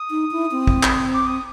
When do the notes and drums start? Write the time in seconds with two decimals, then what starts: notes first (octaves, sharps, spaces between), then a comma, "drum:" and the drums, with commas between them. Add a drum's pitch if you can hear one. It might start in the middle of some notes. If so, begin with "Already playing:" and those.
Already playing: D#6
0.10 D#4
0.31 E4
0.52 C4
0.67 drum: kick
0.83 drum: clap
1.14 D6
1.26 D#6
1.37 D#6